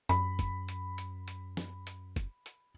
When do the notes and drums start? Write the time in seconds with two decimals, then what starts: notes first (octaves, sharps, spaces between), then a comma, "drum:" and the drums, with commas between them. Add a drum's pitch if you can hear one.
0.09 F#2 B5, drum: hi-hat
0.39 drum: kick, hi-hat
0.68 drum: hi-hat
0.98 drum: hi-hat
1.28 drum: hi-hat
1.57 drum: snare
1.87 drum: hi-hat
2.16 drum: kick, hi-hat
2.46 drum: hi-hat